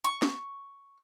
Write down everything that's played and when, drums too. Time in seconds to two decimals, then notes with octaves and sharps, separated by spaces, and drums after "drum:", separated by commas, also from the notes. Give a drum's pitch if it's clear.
0.04 C#6
0.22 drum: snare